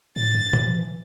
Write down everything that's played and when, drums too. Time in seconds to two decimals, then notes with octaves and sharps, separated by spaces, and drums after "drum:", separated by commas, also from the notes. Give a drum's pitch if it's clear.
0.16 A2 A6
0.35 G2
0.53 E3, drum: tom A#2
0.66 F3
0.78 E3